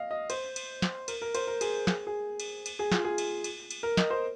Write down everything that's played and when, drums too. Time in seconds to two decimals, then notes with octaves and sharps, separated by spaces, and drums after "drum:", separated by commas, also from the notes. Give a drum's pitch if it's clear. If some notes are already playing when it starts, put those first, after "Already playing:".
Already playing: D#5 F5
0.11 D#5
0.30 C5, drum: cymbal
0.56 drum: cymbal
0.82 drum: snare
1.08 A#4, drum: cymbal
1.22 A#4
1.35 C5, drum: cymbal
1.47 A#4
1.61 G#4, drum: cymbal
1.87 G#4, drum: snare
2.07 G#4
2.40 drum: cymbal
2.66 drum: cymbal
2.79 G#4
2.92 F4, drum: snare
3.04 G#4
3.18 drum: cymbal
3.44 drum: cymbal
3.71 drum: cymbal
3.83 A#4
3.97 D#5, drum: snare
4.10 C5